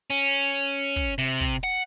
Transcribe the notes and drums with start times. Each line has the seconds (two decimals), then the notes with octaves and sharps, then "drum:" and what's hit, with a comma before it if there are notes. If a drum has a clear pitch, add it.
0.10 C#4
0.30 drum: hi-hat
0.52 drum: hi-hat
0.96 drum: kick, open hi-hat
1.18 C3, drum: hi-hat
1.41 drum: kick, hi-hat
1.64 F#5